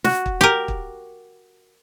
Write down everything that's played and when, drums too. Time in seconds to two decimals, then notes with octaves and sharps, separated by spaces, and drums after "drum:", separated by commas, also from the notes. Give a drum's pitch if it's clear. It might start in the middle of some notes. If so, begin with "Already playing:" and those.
0.04 F#4, drum: snare
0.26 drum: kick
0.41 G4 A#4
0.68 drum: kick